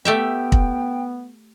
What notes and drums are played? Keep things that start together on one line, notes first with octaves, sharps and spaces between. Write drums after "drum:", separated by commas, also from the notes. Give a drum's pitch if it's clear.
A3 B3 G4 E5 G5
drum: kick